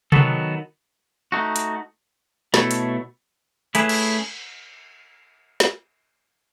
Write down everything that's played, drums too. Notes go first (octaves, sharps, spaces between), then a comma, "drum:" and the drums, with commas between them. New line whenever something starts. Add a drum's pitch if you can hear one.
D#3 F#3 B3 F#4 A4, drum: tom C3
A3 D#4 F#4
drum: hi-hat
B2 A3 E4 A4 C#5, drum: snare
drum: hi-hat
A3 C#4 E4 G#4 B4, drum: hi-hat
drum: cymbal
drum: snare